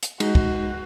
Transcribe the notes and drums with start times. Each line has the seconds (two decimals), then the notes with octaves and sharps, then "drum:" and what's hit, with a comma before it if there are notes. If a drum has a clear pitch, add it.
0.03 drum: hi-hat
0.20 G#3 D#4 F#4, drum: cymbal
0.35 drum: kick